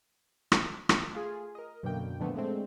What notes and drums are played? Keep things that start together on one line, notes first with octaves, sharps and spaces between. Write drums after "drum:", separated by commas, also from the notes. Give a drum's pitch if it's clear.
drum: rim click
drum: rim click
A3 F4 G#4
A#4 D#5
F#2 B2 D3 A#3 G5
A#2 D3 F3 A3 B3
D3 G#3 A3 C4